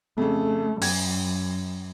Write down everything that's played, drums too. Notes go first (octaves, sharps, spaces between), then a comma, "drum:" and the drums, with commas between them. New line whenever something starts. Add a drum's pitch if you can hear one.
F2 C#3 A3
F#2 G#6, drum: open hi-hat